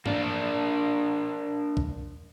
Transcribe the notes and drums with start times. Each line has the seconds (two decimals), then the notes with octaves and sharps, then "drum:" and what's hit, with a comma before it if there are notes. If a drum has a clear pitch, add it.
0.06 A#3 D4, drum: tom G2
1.77 drum: kick